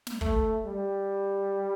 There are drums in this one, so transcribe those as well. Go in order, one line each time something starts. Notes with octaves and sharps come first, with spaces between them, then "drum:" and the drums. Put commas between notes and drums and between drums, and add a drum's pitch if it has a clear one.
drum: snare
A3, drum: kick
G3